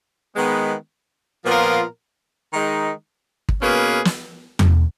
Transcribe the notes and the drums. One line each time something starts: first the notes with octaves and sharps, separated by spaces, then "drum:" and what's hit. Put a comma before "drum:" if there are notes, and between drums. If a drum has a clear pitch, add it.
D#3 G#3 B3
A#2 F3 B3 F4 A#4
D#3 G#3 D#4
drum: kick
B2 A#3 C#4 G#4 B4
drum: snare
drum: tom E2